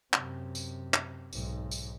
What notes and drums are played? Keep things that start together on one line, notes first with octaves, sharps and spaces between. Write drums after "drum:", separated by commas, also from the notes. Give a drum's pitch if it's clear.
F#2 C3, drum: clap
drum: tambourine
drum: clap
B1 G#2, drum: tambourine
drum: tambourine